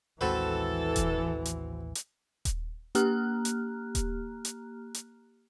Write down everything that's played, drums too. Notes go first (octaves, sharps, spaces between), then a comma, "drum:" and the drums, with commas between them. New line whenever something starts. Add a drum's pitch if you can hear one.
A1 D#2 E3 G#3 C4 F#4 A4 B4
drum: kick D#1, hi-hat
drum: hi-hat
drum: hi-hat
drum: kick D#1, hi-hat
A#3 G4 A#5 F6 F#6, drum: hi-hat
drum: hi-hat
drum: kick D#1, hi-hat
drum: hi-hat
drum: hi-hat